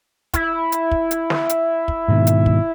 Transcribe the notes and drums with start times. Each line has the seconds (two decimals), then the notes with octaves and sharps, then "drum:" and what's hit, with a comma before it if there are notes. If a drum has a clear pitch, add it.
0.34 E4, drum: kick, hi-hat
0.72 drum: hi-hat
0.91 drum: kick
1.11 drum: hi-hat
1.30 drum: snare
1.49 drum: hi-hat
1.88 drum: kick
2.08 G#2 B2 D#3
2.27 drum: hi-hat
2.46 drum: kick